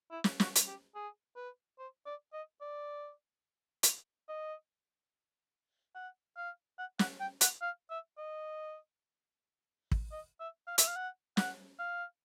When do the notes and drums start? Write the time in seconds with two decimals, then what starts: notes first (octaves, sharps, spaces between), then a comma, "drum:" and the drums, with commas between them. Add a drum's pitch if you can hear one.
0.11 E4
0.24 drum: snare
0.40 F#4, drum: snare
0.56 drum: hi-hat
0.67 G4
0.95 G#4
1.36 B4
1.79 C5
2.06 D5
2.33 D#5
2.61 D5
3.83 drum: hi-hat
4.28 D#5
5.95 F#5
6.37 F5
6.79 F#5
6.99 F#5, drum: snare
7.20 G5
7.41 F#5, drum: hi-hat
7.61 F5
7.90 E5
8.18 D#5
9.92 drum: kick
10.12 D#5
10.40 E5
10.67 F5
10.78 E5, drum: hi-hat
10.88 F5
10.95 F#5
11.37 F#5, drum: snare
11.79 F5